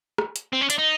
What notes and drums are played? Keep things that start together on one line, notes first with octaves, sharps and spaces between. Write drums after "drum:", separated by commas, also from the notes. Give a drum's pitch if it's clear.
drum: rim click
drum: hi-hat
C4
C#4
D4, drum: hi-hat
D#4